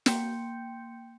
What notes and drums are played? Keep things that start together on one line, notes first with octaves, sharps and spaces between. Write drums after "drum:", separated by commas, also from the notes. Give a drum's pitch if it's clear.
A#3 G5 C6 G6 C#7, drum: snare